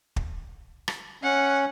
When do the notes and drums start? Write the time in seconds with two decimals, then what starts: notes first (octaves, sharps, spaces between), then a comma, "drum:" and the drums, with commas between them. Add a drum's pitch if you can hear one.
0.16 drum: kick
0.88 drum: rim click
1.23 C#4 F#5